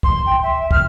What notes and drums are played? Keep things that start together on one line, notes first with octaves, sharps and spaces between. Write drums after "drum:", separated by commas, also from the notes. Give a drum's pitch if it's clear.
C6, drum: kick
G5
E5
F6, drum: kick